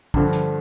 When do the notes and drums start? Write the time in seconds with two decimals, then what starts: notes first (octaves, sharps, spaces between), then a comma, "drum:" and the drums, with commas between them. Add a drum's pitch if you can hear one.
0.14 G2 D3 F3, drum: kick
0.33 drum: hi-hat